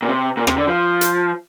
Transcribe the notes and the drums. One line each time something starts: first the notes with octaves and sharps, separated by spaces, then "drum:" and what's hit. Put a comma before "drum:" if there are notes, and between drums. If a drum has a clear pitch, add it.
A#2
C3
A#2
C3, drum: rim click
D3
F3
drum: hi-hat